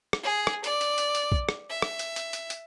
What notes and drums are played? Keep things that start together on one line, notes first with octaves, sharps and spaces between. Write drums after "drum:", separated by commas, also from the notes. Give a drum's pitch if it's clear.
drum: rim click
G#4
drum: rim click
D5, drum: hi-hat
drum: hi-hat
drum: hi-hat
drum: hi-hat
drum: kick
drum: rim click
E5
drum: rim click
drum: hi-hat
drum: hi-hat
drum: hi-hat
drum: hi-hat